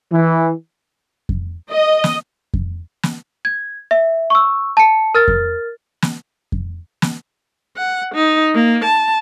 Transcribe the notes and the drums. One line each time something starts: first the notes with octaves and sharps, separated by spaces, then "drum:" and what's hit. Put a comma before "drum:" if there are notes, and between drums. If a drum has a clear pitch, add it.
E3
drum: kick F2
D#5
drum: snare
drum: kick F2
drum: snare
G#6
E5
C#6 E6
A5 C#7
A#4 F6 A6
drum: kick F2
drum: snare
drum: kick F2
drum: snare
F#5
D#4
A#3
A5